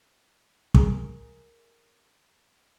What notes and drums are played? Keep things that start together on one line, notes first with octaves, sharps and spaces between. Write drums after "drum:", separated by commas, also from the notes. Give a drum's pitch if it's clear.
G#4 A#4 A#5, drum: kick